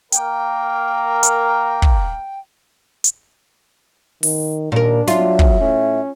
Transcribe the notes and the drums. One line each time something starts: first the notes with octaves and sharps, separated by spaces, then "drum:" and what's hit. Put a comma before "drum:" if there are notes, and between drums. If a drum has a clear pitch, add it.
A#3 A#4 G5, drum: hi-hat
drum: hi-hat
drum: kick
drum: hi-hat
D#3, drum: open hi-hat
D#2 A#2 D4 A#4
F#3 F4 E5, drum: snare
drum: kick
A2 C#4